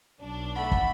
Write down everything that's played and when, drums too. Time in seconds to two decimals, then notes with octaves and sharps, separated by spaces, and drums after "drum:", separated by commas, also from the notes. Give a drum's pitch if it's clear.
0.20 B1 D4
0.56 A3 F#5 B5
0.71 drum: kick